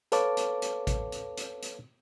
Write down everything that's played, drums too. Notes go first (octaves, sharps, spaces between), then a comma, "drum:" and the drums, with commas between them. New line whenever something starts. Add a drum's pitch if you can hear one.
A4 B4 C#5 F5 A5 D6, drum: hi-hat
drum: hi-hat
drum: hi-hat
drum: kick A1, hi-hat
drum: hi-hat
drum: hi-hat
drum: hi-hat